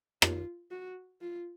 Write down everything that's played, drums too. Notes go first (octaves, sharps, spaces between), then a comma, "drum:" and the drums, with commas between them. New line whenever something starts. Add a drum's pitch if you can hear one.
F4, drum: rim click
F#4
F4